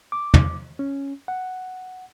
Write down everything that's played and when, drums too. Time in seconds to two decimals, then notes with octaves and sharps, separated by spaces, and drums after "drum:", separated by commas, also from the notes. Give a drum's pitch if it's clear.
0.12 D6
0.34 drum: tom
0.79 C#4
1.28 F#5